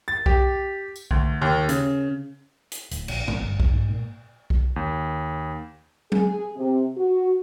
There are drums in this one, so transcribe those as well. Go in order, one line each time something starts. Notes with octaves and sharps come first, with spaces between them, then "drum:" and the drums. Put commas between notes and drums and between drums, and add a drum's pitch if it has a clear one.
A6
G4, drum: kick B1
drum: tambourine
D2, drum: kick B1
D#2
C#3, drum: hi-hat
drum: hi-hat
D1, drum: hi-hat
A#1, drum: cymbal
G#1, drum: tom G#2
G1
D#2, drum: kick B1
G#2
A#2
drum: kick B1
D#2
G#4, drum: tom F#3
C3
F#4